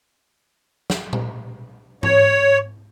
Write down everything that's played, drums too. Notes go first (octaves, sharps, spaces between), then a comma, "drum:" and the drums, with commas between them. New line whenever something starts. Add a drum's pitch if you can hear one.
drum: snare
drum: tom A#2
C#5, drum: tom G#2